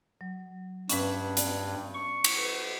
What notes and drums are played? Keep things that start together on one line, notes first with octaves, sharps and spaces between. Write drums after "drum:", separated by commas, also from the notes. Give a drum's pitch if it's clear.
F#3
G2 C#4 B4, drum: hi-hat
D5, drum: hi-hat
C#6
drum: cymbal
B4